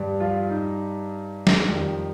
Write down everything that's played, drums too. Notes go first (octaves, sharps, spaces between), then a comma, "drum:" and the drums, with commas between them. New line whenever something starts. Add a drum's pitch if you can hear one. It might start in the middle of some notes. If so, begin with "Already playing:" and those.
Already playing: G2 G3
F3 F4
D#4
drum: snare
F2 D#3 G3